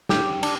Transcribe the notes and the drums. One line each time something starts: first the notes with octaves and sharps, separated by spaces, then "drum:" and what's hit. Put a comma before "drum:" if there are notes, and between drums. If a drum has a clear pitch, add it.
A2 G4, drum: snare
D4, drum: cymbal